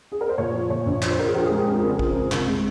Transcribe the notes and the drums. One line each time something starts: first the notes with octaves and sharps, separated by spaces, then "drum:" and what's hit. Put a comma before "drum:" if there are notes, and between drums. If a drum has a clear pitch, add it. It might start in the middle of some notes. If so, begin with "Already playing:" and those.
G#4
A#4
C5
A#2 C#5
F3
A#2 C#5
A#1
F3, drum: clap
C5
F3 A#4
G#4
F3 G4
G#4
G#3
G4
F2 G#4
C#3 A#4
C5
F3, drum: kick A#1
F2
C2, drum: clap
G#3